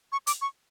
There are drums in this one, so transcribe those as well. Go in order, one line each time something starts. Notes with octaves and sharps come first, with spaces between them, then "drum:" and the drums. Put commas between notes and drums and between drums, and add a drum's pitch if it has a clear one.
C#6
D6, drum: hi-hat
C#6